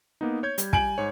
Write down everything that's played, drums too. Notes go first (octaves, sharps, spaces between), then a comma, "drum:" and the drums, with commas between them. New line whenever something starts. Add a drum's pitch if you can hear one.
A#3 B3 D#4
C#5 G6 G#6
G3, drum: hi-hat
G#5 D7 F#7, drum: kick
G#2 C#5